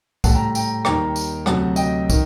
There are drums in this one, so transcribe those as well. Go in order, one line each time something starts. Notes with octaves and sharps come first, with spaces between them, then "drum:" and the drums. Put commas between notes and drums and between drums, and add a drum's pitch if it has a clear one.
A2 G3 F#5 A5, drum: kick, tambourine
G5 A#5
G5 A#5, drum: tambourine
D#2 D#3 G3 G5 A#5, drum: rim click
drum: tambourine
D2 C3 F#3 F#5 A5, drum: rim click
D#5 G5, drum: tambourine
D#3, drum: kick, tambourine